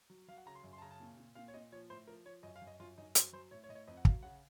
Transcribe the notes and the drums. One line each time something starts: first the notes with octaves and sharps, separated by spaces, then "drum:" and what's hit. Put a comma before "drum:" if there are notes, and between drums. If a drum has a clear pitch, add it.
F#3
F#3 F5
F#5
C#3 A#5
C6
F#2
C6
A5
C#3 A#5
A5
A#2
A#2
A#2 F5
C#5
A#2 D#5
F3 C#5
A2 C5
F3 A#4
F3 C#5
F#2 D#5
F5
F#2
D#5
F#2 F4
F#2 D#4
F#3 C5, drum: hi-hat
F#3 C5
A2 C#5
C#5
A2 D#5
C#5
F2 D#5
F#5
F#3 F5, drum: kick
C#3 F#5